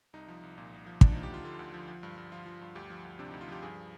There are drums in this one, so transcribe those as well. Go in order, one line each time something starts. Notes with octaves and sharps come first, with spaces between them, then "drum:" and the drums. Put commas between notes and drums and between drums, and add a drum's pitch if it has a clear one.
C2 D#4
F3
C2
A#2
C2
F3
D2 D4, drum: kick
F3 D#4
G4
D2 F4
D3 F4
D2
F3
F3
G2
G2
F3 F4
F3
G2
D2 G4
F3
D2
C3 D4
D2 D#4
F4
F3 G4
G2 G#4
F3